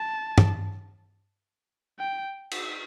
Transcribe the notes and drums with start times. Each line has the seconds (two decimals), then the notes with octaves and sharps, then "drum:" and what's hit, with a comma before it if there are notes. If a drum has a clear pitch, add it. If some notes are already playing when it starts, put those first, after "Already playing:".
Already playing: A5
0.38 drum: tom
1.99 G5
2.51 drum: cymbal